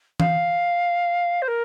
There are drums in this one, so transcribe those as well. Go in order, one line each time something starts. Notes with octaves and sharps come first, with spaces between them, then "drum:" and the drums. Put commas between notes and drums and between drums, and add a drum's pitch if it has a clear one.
F5, drum: tom E3
C5
A#4